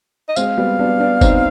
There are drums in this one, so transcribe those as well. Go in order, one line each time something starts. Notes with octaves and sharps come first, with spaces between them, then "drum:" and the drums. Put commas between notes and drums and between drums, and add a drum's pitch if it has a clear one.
D#5
G#3 C4 F5, drum: tambourine
G3 B3
B3 D4
B3 D4
C4 D#4, drum: kick F#1, tambourine